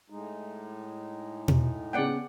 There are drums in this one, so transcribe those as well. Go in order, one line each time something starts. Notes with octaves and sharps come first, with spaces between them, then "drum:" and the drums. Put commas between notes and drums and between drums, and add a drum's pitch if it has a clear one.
A2 G#3 D#4
drum: tom
C#3 B3 D5 F#5 G5